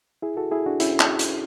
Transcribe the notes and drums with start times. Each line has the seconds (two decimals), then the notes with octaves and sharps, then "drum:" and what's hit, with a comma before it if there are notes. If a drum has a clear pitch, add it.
0.22 E4 G#4
0.37 F#4 A4
0.51 E4 G#4
0.66 D4 F#4
0.80 C#4 E4, drum: hi-hat
1.00 drum: clap
1.19 drum: hi-hat